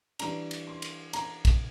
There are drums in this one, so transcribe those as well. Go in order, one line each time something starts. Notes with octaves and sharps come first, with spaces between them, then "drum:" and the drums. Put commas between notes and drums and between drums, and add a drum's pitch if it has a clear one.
E3 G3 D4 A#5, drum: cymbal
drum: cymbal
C6
drum: cymbal
A#5, drum: cymbal
drum: kick, cymbal